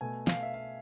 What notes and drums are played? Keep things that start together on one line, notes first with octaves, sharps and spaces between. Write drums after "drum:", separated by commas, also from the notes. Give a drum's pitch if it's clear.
B2 A3 G#5
F5, drum: snare
E5
F5